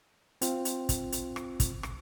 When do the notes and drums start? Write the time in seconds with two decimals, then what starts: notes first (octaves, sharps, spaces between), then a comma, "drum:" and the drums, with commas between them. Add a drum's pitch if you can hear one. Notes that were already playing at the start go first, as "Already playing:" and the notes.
0.42 C4 F4, drum: hi-hat
0.65 drum: hi-hat
0.89 drum: kick, hi-hat
1.12 drum: hi-hat
1.36 drum: rim click
1.60 drum: kick, hi-hat
1.83 drum: rim click